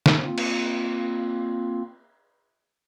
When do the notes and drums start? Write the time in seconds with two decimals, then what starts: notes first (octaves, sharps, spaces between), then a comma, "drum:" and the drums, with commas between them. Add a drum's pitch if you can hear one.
0.06 drum: snare
0.24 A#3 C4 F4
0.38 drum: cymbal